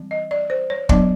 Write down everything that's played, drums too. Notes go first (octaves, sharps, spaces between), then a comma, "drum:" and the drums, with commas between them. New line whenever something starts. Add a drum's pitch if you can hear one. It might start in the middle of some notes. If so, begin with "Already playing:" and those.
Already playing: E3 G3 C4
D#5
D5
C5
C#5
F#3 B3 D4 D5, drum: kick